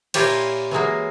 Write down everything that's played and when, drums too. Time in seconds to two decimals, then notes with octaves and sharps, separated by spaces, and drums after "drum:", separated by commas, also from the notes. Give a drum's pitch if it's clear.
0.14 A#2 A#3 E4 F4 G4 C#5, drum: cymbal
0.71 E3 F#3 G#3 A#3